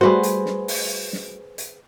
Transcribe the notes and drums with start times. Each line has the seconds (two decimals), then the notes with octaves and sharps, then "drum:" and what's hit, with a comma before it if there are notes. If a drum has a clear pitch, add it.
0.01 G3 A3 F#4 G#4 B4 C5
0.23 drum: hi-hat
0.46 drum: snare
0.68 drum: open hi-hat
1.13 drum: snare
1.58 drum: hi-hat